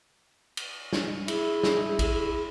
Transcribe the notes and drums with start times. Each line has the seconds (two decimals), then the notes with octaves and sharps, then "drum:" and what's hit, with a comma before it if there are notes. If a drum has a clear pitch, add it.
0.57 drum: cymbal
0.93 drum: snare
1.28 E4 G#4, drum: cymbal
1.63 drum: snare
1.99 drum: kick A#1, cymbal